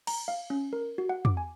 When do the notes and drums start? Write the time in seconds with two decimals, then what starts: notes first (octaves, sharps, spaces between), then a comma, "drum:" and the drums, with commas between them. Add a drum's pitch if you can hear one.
0.07 A#5, drum: cymbal
0.28 F5
0.50 C#4
0.73 A#4
0.98 F#4
1.09 F#5
1.25 D6, drum: tom
1.37 G#5